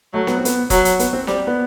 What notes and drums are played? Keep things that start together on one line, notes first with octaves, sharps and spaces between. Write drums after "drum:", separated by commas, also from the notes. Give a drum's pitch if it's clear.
F#3 A3
B3, drum: snare
C4
B3, drum: hi-hat
F#3, drum: kick F1, hi-hat
drum: hi-hat
B3, drum: hi-hat
C4
G3 C4, drum: snare
B3